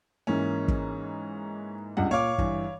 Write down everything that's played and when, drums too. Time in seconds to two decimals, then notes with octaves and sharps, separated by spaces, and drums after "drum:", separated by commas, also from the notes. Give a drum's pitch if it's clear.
0.27 G#2 E3 A#3 C#4
0.68 drum: kick
1.97 C#2 G2 F#5
2.11 A#2 C#5 F5 D6
2.38 G2 E3, drum: kick